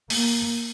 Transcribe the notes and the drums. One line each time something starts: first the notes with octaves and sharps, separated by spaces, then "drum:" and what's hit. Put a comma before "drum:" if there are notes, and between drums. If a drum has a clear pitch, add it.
A#3, drum: open hi-hat